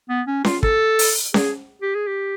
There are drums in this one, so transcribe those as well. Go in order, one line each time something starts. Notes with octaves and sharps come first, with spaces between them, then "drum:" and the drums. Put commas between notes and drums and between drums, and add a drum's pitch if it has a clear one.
B3
C#4
F4, drum: snare C#4
A4, drum: kick
drum: open hi-hat
G#4, drum: snare C#4
G4
G#4
G4